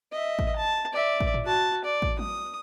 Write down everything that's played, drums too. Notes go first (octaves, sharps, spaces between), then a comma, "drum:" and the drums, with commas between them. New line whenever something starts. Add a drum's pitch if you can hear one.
D#5 E5
drum: kick A1
A5
D5 E5
drum: kick A1
drum: tom G#2
F#4 A5
D5
drum: kick A1
D#6, drum: tom